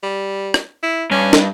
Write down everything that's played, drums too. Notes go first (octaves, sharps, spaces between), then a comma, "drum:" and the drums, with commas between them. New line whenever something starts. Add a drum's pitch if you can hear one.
G3
drum: rim click
E4
G2 C#4
drum: snare